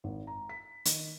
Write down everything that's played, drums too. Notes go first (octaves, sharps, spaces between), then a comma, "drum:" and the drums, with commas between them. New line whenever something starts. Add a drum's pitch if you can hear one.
G#1
A#5
B6
D#3, drum: hi-hat